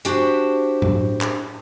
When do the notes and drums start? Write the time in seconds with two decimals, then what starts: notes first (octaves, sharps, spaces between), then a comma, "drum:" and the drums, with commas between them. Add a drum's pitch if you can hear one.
0.05 D4 E4 F#4 G4 C5
0.82 drum: tom A2
1.21 drum: clap